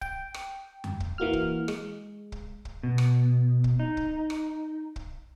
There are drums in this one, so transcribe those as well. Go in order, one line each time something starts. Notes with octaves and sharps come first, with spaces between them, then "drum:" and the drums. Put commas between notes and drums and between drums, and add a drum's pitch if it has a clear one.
G5, drum: kick
drum: rim click
drum: tom F2
drum: kick
E3 A#3 F#4 F6
drum: kick
G#3, drum: rim click
drum: kick
drum: kick
B2
drum: rim click
drum: kick
D#4
drum: kick
drum: rim click
drum: kick